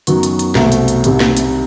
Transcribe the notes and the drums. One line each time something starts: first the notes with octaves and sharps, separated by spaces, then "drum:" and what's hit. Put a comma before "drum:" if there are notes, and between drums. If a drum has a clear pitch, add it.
F#2 D#3 F#3 B3 F#4, drum: hi-hat
drum: hi-hat
drum: hi-hat
C2 B2 A3 C4, drum: snare
drum: hi-hat
drum: hi-hat
C2 C3 D#3 G3, drum: hi-hat
drum: snare
drum: hi-hat